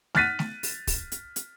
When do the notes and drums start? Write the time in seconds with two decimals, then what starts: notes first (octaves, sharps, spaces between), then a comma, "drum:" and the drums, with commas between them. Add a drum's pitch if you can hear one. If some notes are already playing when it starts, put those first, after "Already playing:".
0.15 F6 F#6 A6 B6 D#7, drum: snare A3
0.39 drum: snare A3
0.63 drum: open hi-hat
0.87 drum: kick, open hi-hat
1.12 drum: hi-hat
1.36 drum: hi-hat